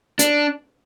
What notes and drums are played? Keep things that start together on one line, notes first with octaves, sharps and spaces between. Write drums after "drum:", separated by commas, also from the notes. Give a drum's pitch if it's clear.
D4, drum: hi-hat